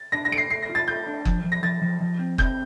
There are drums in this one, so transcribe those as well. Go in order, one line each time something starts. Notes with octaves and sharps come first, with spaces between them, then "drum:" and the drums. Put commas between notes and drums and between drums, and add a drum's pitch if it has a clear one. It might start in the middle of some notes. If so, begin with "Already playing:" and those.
Already playing: A6
D4 A#6
A#6
A3 D7
C7
A3 C7
A#6
F4
A6
A3 G6
D4
F3, drum: kick F#1
F3
A#6
F3 A6
F3
F3
C4
C4 G6, drum: kick F#1